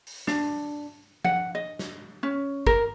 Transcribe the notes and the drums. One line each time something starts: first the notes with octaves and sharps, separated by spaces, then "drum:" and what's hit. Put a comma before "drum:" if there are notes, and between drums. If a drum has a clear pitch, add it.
drum: open hi-hat
D4, drum: snare
F#5, drum: tom F3
D#5
drum: snare
C#4
A#4, drum: kick